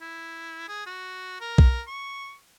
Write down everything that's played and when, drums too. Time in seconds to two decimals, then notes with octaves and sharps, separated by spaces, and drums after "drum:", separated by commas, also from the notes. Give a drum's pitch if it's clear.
0.01 E4
0.68 G#4
0.86 F#4
1.40 A#4
1.58 drum: kick B1
1.87 C#6